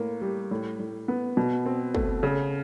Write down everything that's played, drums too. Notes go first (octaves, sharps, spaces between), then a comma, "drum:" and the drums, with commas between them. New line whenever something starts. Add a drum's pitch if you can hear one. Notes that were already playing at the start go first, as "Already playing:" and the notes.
Already playing: A2 A#3
G3
A2
A2
B3
B2
C4
A3, drum: kick
C#3